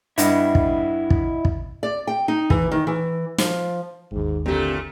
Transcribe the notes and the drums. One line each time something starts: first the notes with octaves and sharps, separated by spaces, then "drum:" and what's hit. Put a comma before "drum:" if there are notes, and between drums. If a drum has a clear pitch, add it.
G2 E4 D#5 F#5, drum: hi-hat
drum: kick
drum: kick
drum: kick
D5
G5
D#4
E3, drum: kick
D#3
E3
F3, drum: snare
G#1 D#2 G#2
A#2 D3 A3 C4 G4